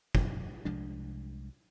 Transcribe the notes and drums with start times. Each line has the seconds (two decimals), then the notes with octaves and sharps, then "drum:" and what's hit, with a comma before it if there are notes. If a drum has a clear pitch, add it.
0.15 E1 F#2, drum: kick
0.65 C2 F3 G#3 D4